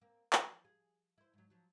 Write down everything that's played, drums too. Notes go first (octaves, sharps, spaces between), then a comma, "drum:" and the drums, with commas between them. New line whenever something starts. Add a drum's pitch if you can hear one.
A#3 C4
E3 F3, drum: clap
G#4
E4 C5
G#2 F#3
F3 F#3